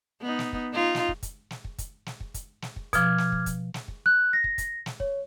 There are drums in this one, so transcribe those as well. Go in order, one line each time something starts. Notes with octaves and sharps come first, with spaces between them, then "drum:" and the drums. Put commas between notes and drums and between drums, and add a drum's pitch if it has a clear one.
B3 D#4
drum: snare
drum: kick
D#4 F4
drum: snare
drum: kick
drum: kick, hi-hat
drum: snare
drum: kick
drum: kick, hi-hat
drum: snare
drum: kick
drum: kick, hi-hat
drum: snare
drum: kick
B2 F3 D6 F6 G#6, drum: kick, hi-hat
drum: snare
drum: kick
drum: kick, hi-hat
drum: snare
drum: kick
F#6
A#6
drum: kick
drum: kick, hi-hat
drum: snare
C#5, drum: kick